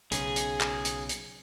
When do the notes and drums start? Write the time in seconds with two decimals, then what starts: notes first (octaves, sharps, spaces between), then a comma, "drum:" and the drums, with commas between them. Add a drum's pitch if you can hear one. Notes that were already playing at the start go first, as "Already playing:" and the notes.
0.12 B1 C#3 G#4, drum: hi-hat
0.36 drum: hi-hat
0.61 drum: clap
0.85 drum: hi-hat
1.09 drum: hi-hat